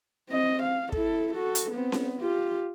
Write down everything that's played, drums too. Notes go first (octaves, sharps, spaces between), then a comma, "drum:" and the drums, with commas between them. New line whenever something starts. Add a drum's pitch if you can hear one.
C4 D#5
F5
E4 A4, drum: kick
F#4 A4
drum: hi-hat
B3 C4
drum: snare C#4
F4 G4